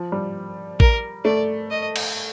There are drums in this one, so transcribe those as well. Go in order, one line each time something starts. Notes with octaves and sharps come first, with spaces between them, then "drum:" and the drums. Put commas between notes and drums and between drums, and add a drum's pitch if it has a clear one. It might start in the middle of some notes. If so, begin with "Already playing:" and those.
Already playing: F3
G3
A#4, drum: kick A1
A3 D5
D#5
drum: cymbal